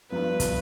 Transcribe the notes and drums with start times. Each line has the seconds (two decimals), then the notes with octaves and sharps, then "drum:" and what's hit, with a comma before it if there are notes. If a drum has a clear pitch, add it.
0.10 G2 F3 B3 B4
0.40 drum: kick, hi-hat